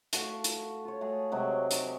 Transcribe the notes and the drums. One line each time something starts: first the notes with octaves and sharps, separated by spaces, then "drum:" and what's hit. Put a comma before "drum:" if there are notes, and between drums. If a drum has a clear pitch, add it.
A3 F#4 F5, drum: hi-hat
drum: hi-hat
F4 C#5
A3 F#4 G#4
C3 F#3 G#3
drum: hi-hat